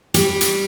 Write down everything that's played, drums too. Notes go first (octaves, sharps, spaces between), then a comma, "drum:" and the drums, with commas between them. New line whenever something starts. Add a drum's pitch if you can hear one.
G3, drum: hi-hat
drum: hi-hat